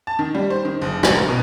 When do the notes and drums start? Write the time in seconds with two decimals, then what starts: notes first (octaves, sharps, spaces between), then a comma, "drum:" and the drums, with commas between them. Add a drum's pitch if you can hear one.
0.07 A5
0.19 D#3
0.35 G3
0.50 C5
0.65 D#3
0.82 F#1
1.03 A#1, drum: rim click
1.15 A#4
1.28 B2